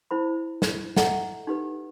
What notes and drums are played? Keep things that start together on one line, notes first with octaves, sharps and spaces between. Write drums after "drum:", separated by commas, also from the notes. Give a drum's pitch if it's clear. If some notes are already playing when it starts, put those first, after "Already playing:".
E4 C5 B5
drum: snare
A4 D#5 E5 F#5 A#5, drum: snare
D#4 G4 B4